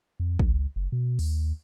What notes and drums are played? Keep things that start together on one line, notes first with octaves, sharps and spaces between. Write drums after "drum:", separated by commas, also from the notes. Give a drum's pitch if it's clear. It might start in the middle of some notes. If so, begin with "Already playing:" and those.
F2
C#2, drum: kick
F#1
B2
D#2, drum: open hi-hat